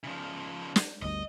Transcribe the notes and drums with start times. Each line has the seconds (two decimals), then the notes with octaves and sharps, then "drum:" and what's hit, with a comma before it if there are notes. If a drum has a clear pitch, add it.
0.04 C#3 F3
0.76 drum: snare
1.02 G1 D2 G2 D#5